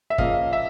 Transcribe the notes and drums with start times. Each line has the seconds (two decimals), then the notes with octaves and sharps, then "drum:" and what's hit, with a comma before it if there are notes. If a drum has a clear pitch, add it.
0.10 E5
0.18 C#3 F3 A#3 D#5 F5, drum: kick
0.53 E5